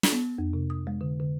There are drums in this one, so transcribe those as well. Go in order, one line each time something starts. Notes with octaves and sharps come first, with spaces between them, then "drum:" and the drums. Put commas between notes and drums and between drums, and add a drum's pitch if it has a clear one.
drum: snare
B3
F2
C3
D#6
G#3
D3
D3